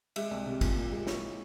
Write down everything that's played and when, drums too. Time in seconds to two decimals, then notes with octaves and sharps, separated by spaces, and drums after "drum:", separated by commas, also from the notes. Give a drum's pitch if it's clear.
0.16 G#3 E5, drum: cymbal
0.31 C2
0.46 C3
0.61 A#2, drum: kick, cymbal
0.76 A#2
0.91 G#3
1.07 E4 C#5, drum: snare